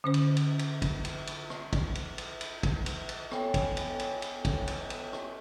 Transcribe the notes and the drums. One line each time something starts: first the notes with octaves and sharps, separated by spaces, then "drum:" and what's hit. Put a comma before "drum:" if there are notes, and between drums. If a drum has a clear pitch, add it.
D3 C#4 C5
drum: cymbal
drum: cymbal
drum: cymbal
drum: kick, cymbal
drum: cymbal
drum: cymbal
drum: rim click
drum: kick, cymbal
drum: cymbal
drum: cymbal
drum: cymbal
drum: kick, cymbal
drum: cymbal
drum: cymbal
B3 A4 C#5 G5 G#5, drum: rim click
drum: kick, cymbal
drum: cymbal
drum: cymbal
drum: cymbal
drum: kick, cymbal
drum: cymbal
drum: cymbal
drum: rim click